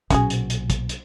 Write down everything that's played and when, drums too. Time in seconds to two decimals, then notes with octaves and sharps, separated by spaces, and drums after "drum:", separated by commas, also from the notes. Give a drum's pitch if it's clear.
0.10 B1 A#2 C#4 F#4 G#4, drum: kick, hi-hat
0.30 drum: hi-hat
0.50 drum: hi-hat
0.70 drum: kick, hi-hat
0.89 drum: hi-hat